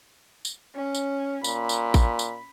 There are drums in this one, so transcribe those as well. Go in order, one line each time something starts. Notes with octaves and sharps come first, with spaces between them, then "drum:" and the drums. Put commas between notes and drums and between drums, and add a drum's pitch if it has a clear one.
drum: tambourine
C#4
drum: tambourine
A#2 B5, drum: tambourine
drum: tambourine
drum: kick A1, tambourine
drum: tambourine